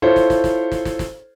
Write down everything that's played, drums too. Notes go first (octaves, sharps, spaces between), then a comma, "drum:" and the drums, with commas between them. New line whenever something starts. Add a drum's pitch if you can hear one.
E4 F4 A4 C5 C#5
drum: snare
drum: snare
drum: snare
drum: snare
drum: snare
drum: snare